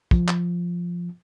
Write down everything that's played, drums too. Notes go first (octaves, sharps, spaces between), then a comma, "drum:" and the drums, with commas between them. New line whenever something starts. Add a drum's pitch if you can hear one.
F3, drum: kick
drum: clap